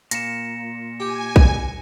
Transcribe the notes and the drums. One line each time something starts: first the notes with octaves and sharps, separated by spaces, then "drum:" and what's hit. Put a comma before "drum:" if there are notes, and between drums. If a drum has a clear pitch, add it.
A#2 A#6 C#7 E7, drum: hi-hat
G4 G#5
drum: kick A#1